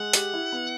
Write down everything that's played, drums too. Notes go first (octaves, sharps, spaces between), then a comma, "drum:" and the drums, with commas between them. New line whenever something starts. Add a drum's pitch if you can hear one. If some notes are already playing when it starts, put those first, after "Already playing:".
Already playing: G#3 F#5
G4, drum: hi-hat
E4
B3